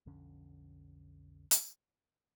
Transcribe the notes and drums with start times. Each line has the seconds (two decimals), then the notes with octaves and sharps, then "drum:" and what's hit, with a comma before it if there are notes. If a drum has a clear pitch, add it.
0.06 B1 F2 D3 C#4
1.51 drum: hi-hat